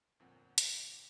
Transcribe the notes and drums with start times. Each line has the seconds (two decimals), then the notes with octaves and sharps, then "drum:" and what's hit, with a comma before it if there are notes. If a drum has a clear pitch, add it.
0.20 G1 F2 A#2 C4 F#5
0.58 drum: hi-hat